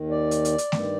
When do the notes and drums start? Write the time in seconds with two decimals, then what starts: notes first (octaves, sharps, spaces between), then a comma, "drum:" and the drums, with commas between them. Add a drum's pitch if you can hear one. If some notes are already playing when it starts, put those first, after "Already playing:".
Already playing: D#2 D#3
0.10 D5
0.31 drum: hi-hat
0.45 drum: hi-hat
0.58 drum: hi-hat
0.72 G2 D#3, drum: snare A3